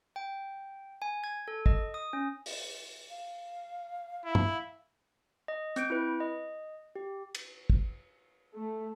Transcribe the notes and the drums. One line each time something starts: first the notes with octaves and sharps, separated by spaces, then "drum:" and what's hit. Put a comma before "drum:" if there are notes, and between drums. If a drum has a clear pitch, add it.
G5
G#5
G#6
A4
D#5, drum: kick
D#6
C#4
drum: open hi-hat
F5
E4
drum: tom
D#5
C4 G6 D7, drum: hi-hat
E4 B4
D#5
G4
drum: cymbal
drum: kick
A3